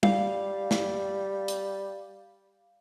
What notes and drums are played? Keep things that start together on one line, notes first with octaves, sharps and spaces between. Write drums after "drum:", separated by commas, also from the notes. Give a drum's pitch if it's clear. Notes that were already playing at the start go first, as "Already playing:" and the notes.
G3 F5, drum: tom G3
drum: snare
drum: hi-hat